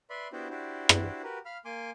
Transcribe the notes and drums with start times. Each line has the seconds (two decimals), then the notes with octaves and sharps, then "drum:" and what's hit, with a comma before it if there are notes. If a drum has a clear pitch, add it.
0.10 B4 D5 E5 B5 C6
0.32 B3 D4 E4 F#4 G4 C5
0.50 D4 E4 F#4 G4 C5
0.89 drum: rim click
1.23 F#4 G4 A#4 B4
1.45 F5 B5 F6
1.65 A#3 G#5 C6 D6